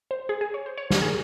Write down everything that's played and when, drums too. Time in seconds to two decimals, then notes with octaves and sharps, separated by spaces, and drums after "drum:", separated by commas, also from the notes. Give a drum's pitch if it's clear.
0.11 C5
0.29 G#4
0.41 G#4
0.54 C#5
0.66 C5
0.77 C#5
0.90 C5, drum: snare
0.98 A#4
1.02 G#4